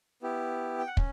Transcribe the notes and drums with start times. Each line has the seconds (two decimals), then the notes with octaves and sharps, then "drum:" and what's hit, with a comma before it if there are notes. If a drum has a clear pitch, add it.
0.22 B3 E4 G4
0.79 G5
0.87 F#5
0.97 C#4, drum: kick